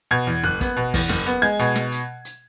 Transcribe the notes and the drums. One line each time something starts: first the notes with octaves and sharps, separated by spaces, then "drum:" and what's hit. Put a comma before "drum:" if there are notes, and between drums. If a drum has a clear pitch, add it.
B2 G#6
E2
F#1 F#6
B3, drum: kick, hi-hat
B2
E2, drum: kick, open hi-hat
F#1, drum: snare
B3
G#3 G#6
B2, drum: hi-hat
drum: snare
drum: hi-hat
drum: hi-hat